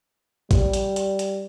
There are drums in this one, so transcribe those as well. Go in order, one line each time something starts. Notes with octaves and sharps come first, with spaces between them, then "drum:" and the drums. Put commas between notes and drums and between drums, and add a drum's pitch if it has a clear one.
G3, drum: kick, hi-hat
drum: hi-hat
drum: hi-hat
drum: hi-hat